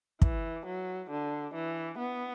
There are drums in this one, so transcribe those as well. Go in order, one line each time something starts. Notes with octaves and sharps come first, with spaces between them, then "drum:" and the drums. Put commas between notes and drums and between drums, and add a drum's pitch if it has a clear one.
E3, drum: kick
F#3
D3
E3
B3